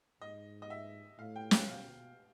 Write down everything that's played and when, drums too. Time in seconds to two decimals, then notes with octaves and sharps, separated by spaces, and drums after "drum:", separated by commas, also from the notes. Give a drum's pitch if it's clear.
0.21 G#2 D#5
0.62 D#5
0.70 E5
1.18 A2 F5
1.36 G5
1.51 G5, drum: snare
1.68 B2 F5